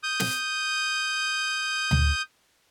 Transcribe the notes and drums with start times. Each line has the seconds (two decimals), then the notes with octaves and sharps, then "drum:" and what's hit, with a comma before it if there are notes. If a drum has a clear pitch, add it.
0.03 D#6 G6
0.20 drum: snare
1.91 drum: tom D2